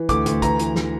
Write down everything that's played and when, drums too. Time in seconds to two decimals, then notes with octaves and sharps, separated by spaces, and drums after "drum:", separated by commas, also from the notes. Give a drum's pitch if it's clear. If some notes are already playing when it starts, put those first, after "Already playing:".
Already playing: E3
0.09 D2 D6, drum: kick, hi-hat
0.26 D2, drum: hi-hat
0.42 E3 A#5, drum: kick, hi-hat
0.59 E3, drum: hi-hat
0.76 drum: snare